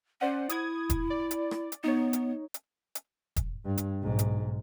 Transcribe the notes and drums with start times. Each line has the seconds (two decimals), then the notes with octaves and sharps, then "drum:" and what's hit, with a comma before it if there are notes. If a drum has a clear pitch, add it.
0.21 C#4 C5 D5 F#5
0.49 E4 D#6 G#6, drum: hi-hat
0.90 drum: kick E1, hi-hat
1.10 D5
1.31 drum: hi-hat
1.51 drum: rim click
1.72 drum: hi-hat
1.84 B3 D#4 C#5
2.13 drum: hi-hat
2.54 drum: hi-hat
2.95 drum: hi-hat
3.36 drum: kick E1, hi-hat
3.66 G2
3.78 drum: hi-hat
4.02 B1 G#2
4.19 drum: hi-hat